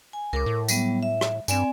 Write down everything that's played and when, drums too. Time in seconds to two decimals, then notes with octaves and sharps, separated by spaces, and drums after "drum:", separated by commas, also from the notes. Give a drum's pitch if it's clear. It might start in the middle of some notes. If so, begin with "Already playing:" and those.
0.13 G#5
0.33 C#2 A#4 D6
0.46 A2
0.68 F#3 G3 B3, drum: tambourine
1.03 E5
1.21 drum: rim click
1.48 G2 C4 D5 G#5, drum: tambourine